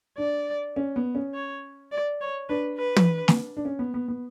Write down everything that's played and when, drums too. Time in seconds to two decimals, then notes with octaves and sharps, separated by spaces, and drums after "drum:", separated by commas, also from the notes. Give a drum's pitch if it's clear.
0.18 D4 D5
0.76 C#4
0.96 B3
1.15 C#4
1.34 C#5
1.92 D5
2.21 C#5
2.49 D4 B4
2.78 B4
2.96 drum: tom
3.28 drum: snare
3.57 D4
3.65 C#4
3.79 B3
3.94 B3
4.08 B3